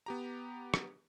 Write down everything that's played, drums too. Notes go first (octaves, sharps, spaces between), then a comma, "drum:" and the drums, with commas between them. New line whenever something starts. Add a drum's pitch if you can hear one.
B3 G4 A#5
drum: rim click